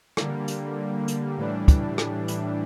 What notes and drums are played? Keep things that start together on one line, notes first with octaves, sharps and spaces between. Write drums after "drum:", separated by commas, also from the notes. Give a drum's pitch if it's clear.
D3 G3 A#3, drum: rim click
drum: hi-hat
drum: hi-hat
A2 E3 G3 D4
drum: kick, hi-hat
drum: rim click
drum: hi-hat